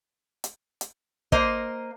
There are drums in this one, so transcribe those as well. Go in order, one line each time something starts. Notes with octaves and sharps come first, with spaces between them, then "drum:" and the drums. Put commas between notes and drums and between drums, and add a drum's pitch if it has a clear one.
drum: hi-hat
drum: hi-hat
A#3 C5 D#5, drum: kick